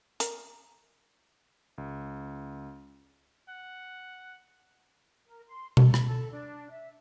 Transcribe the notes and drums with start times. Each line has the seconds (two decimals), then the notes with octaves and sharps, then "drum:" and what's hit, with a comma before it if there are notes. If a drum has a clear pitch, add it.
0.20 A#4, drum: hi-hat
1.78 C#2
3.48 F#5
5.27 A#4
5.48 C6
5.77 A4, drum: tom B2
5.94 B5, drum: rim click
6.07 A4
6.31 D4
6.70 E5